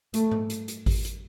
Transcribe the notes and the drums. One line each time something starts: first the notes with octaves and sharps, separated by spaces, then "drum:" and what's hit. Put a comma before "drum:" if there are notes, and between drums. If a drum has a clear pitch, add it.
A3, drum: hi-hat
drum: tom G#2
drum: hi-hat
drum: hi-hat
drum: kick G#1, open hi-hat
drum: hi-hat